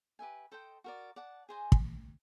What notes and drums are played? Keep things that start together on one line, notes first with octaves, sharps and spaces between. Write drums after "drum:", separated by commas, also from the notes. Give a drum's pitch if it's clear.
G4 B4 E5 G#5
A4 C5 D#5 G5
F#4 A#4 D5
D5 F#5 A5
G#4 C5 D#5 G#5
drum: kick